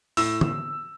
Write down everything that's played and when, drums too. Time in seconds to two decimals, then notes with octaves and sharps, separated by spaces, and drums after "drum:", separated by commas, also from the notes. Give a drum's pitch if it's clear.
0.17 A2 E6, drum: open hi-hat
0.41 drum: tom D3